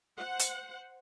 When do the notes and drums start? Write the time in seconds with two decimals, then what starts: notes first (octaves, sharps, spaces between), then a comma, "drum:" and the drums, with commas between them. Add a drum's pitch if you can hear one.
0.18 C5 F#5
0.39 drum: hi-hat